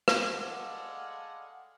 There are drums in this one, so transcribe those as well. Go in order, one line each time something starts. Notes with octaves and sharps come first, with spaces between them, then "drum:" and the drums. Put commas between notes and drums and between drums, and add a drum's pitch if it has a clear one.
drum: rim click
G3 G#3 A4 D5 F5 F#5